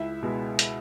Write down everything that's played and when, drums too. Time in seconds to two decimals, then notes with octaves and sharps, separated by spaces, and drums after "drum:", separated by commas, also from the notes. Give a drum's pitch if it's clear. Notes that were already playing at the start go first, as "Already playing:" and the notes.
Already playing: C#2 E4 E5
0.23 B2 G#3 B3
0.59 drum: hi-hat